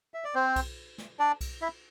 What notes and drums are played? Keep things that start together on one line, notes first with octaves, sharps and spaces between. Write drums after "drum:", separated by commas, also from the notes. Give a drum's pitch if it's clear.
E5
D5
C4 C5
drum: kick B1, cymbal
drum: snare
D4 D5
drum: kick B1, cymbal
E4 E5